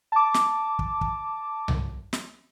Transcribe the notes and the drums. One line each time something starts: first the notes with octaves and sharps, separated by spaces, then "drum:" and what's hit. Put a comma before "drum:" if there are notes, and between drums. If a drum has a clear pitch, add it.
A5 D6
drum: snare
drum: kick
drum: kick
drum: tom C2
drum: snare